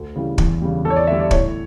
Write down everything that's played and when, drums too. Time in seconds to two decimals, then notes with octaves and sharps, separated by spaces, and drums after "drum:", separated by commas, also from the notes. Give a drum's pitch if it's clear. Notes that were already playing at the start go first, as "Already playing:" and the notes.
Already playing: D2
0.16 C#3 E3 G3
0.38 E2, drum: kick
0.62 C#3 G3
0.84 E2 A4
0.90 C#5
0.96 D5
1.07 D3 G3 E5
1.20 D5
1.31 A2 C#5, drum: kick